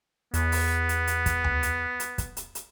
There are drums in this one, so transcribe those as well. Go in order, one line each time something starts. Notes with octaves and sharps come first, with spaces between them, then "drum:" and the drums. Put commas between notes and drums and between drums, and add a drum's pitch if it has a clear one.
E2 B3, drum: hi-hat
drum: open hi-hat
drum: hi-hat
drum: hi-hat
drum: kick, hi-hat
drum: tom D2
drum: hi-hat
drum: hi-hat
drum: kick, hi-hat
drum: hi-hat
drum: hi-hat